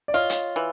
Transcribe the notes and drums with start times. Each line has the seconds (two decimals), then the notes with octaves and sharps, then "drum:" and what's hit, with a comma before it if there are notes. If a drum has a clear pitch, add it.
0.08 D5
0.14 F4 C#5 D#5
0.30 drum: hi-hat
0.56 E3